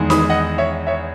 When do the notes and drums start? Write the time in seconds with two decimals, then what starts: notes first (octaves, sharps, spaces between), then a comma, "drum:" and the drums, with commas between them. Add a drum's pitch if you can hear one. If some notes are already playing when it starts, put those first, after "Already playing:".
Already playing: E2 D#3 G#3
0.10 B5 D#6, drum: snare D#4
0.30 D#5 F#5
0.58 C#5 E5
0.87 C#5 E5